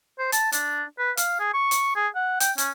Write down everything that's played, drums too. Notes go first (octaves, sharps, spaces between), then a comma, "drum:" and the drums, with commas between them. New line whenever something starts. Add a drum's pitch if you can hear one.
C5
A5, drum: hi-hat
D4, drum: hi-hat
B4
F5, drum: hi-hat
G#4
C#6
drum: hi-hat
G#4
F#5
G5, drum: hi-hat
C#4, drum: hi-hat